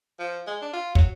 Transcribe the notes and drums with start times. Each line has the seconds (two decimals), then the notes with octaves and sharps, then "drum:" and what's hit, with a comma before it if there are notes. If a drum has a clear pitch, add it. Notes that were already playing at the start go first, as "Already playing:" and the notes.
0.19 F3
0.47 G#3
0.61 D4
0.73 F4
0.95 F#3, drum: kick